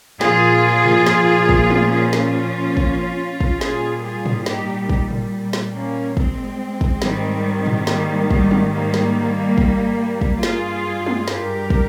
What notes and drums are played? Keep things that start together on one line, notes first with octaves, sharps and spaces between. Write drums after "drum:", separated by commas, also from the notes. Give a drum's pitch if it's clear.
A#2 F3 F4 G#4, drum: snare
drum: tom G#2
drum: snare
drum: kick
drum: tom
C#4 F4
drum: snare
drum: kick
drum: kick
A#2 G3 F4 G#4, drum: snare
F4 G#4
drum: tom G#2
D#4 G4, drum: snare
drum: kick
drum: tom A2
drum: snare
A#3 C#4
G#3 C4, drum: kick
drum: kick
G#2 D#3 G3, drum: snare
drum: tom G#2
G3 A#3, drum: snare
G3, drum: kick
drum: tom
G3 A#3
drum: snare
drum: kick
drum: kick
G2 G3 F4 G#4, drum: snare
drum: tom
G4 A#4, drum: snare
drum: kick